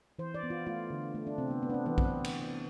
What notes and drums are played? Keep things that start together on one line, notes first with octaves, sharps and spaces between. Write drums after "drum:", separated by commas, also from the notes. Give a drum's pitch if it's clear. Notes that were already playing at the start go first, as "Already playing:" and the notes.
E3 C5
D5
B3
F4
A3 F4
D3
A3
D4
C3 C4
B3
B3
D4
C4
E3 B3
C4, drum: kick A#1
drum: cymbal